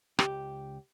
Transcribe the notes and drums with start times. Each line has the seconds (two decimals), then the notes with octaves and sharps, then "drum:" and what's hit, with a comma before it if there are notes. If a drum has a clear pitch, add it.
0.19 C#2 G4, drum: rim click